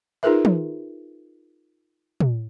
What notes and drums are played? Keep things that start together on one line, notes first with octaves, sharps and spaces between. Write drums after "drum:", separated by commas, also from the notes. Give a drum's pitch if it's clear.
D#4 F4 G#4 A#4 B4 E5
drum: tom
drum: tom